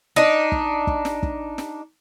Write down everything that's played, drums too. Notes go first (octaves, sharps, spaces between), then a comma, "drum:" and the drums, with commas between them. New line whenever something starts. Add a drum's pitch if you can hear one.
D4 D#4
drum: kick
drum: kick
drum: snare
drum: kick
drum: snare